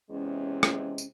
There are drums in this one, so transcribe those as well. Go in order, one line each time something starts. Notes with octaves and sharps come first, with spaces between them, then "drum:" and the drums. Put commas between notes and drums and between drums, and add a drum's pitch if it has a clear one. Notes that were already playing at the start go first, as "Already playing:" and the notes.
E2 C3 G#3 C#4
drum: rim click
drum: tambourine